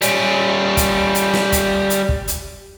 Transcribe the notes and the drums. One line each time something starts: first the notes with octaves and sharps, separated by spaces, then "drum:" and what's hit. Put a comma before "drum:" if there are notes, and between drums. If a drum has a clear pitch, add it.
G3 C#4, drum: hi-hat
drum: kick, hi-hat
drum: hi-hat
drum: snare
drum: kick, hi-hat
drum: hi-hat
drum: kick
drum: hi-hat